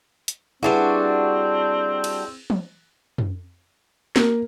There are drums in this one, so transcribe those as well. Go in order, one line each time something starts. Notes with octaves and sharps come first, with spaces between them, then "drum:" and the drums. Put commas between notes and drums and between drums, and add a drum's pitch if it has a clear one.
drum: hi-hat
G3 C4 D4 E4 F#4 G#4 B4
drum: cymbal
drum: tom
drum: tom
A#3, drum: snare